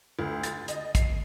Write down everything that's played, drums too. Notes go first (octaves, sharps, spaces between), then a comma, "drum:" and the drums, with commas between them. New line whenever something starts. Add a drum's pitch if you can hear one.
D2
A6, drum: hi-hat
D#5, drum: hi-hat
C7, drum: kick, hi-hat